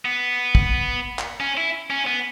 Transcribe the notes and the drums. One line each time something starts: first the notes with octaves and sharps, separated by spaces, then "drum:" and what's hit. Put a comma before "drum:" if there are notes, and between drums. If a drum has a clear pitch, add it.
B3
drum: kick
drum: clap
C#4
E4
C#4
B3